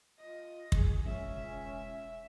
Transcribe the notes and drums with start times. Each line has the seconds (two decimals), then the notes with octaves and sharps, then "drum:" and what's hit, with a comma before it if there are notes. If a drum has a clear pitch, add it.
0.20 F4 D#5
0.72 E1 B1 G#4, drum: kick
1.06 C#2 C#4 E5